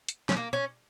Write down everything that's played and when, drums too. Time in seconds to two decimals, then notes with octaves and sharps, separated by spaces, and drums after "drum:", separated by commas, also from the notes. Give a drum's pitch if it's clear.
0.09 drum: hi-hat
0.29 C#4, drum: snare
0.37 A#3
0.53 C#4